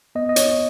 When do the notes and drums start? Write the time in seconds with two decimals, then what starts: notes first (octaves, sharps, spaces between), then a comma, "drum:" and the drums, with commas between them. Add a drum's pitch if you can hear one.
0.15 B3 D#5
0.29 D#5
0.36 C#5, drum: hi-hat